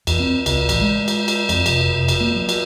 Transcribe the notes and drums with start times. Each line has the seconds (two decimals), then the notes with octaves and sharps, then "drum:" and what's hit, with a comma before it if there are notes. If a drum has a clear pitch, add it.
0.07 E2, drum: cymbal
0.20 C4
0.46 C#2, drum: cymbal
0.69 A1, drum: cymbal
0.81 G#3
1.08 drum: cymbal
1.28 drum: cymbal
1.49 F2, drum: cymbal
1.66 F1, drum: cymbal
1.94 F1
2.08 drum: cymbal
2.21 A#3
2.36 F#3
2.49 drum: cymbal